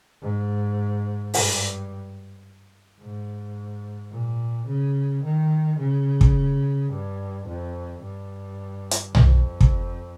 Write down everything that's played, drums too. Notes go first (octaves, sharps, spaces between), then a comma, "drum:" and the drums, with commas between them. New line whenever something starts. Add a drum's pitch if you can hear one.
G#2
G2, drum: open hi-hat
G#2
A#2
C#3
D#3
C#3
drum: kick
G2
F2
G2
drum: hi-hat
F2, drum: tom
drum: kick